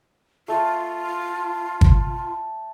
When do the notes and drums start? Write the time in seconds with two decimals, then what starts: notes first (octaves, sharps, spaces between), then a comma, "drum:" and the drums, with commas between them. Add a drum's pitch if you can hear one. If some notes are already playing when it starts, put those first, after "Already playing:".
0.48 A3 F4 A4
1.81 drum: kick G1